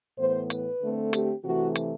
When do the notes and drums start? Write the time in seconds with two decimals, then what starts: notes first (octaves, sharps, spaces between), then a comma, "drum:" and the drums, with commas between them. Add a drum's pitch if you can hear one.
0.19 A2 E3 B3 C5
0.50 B4, drum: hi-hat
0.82 D3 A3 C4
1.13 G4, drum: hi-hat
1.44 C3 E3 A3 F#4
1.76 drum: hi-hat